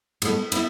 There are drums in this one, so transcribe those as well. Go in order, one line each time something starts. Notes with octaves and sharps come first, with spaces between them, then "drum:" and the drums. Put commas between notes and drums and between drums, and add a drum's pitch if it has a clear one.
A2 G#3 B3, drum: cymbal
B3 E4, drum: cymbal